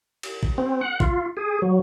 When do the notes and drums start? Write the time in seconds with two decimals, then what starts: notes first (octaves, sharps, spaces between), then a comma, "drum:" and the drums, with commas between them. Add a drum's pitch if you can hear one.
0.23 drum: cymbal
0.43 drum: kick
0.58 C4
0.81 F#5
1.00 F4, drum: kick
1.37 G#4
1.62 F#3